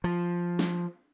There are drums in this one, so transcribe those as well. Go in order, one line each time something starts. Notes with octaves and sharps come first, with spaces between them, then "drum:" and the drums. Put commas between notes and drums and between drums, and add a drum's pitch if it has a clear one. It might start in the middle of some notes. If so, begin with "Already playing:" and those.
F3
drum: snare